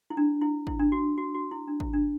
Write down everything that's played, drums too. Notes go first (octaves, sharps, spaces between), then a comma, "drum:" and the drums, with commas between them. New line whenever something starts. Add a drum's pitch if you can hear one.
E4
D4
E4
E4, drum: kick
D4
F#4
F#4
F#4
E4
D4
E4, drum: kick
D4